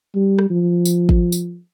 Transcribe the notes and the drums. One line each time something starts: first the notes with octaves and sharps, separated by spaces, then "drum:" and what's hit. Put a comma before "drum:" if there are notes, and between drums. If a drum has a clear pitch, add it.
G3
drum: rim click
F3
drum: tambourine
drum: kick G#1
drum: tambourine